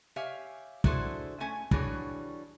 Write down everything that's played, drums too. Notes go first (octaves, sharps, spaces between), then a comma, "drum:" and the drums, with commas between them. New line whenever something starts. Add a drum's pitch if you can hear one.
G4 C#5 E5 F5 G#5
D4 E4 F#4 G#4 A4 C5, drum: kick
A3 C#4 G#5
E3 G3 D4 F#4 G#4 C#5, drum: kick